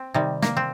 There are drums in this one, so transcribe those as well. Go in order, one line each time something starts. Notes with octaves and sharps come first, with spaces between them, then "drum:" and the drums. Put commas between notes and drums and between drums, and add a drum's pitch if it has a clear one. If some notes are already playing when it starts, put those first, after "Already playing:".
Already playing: C4
C3 D#3 G3
A#3, drum: snare
C4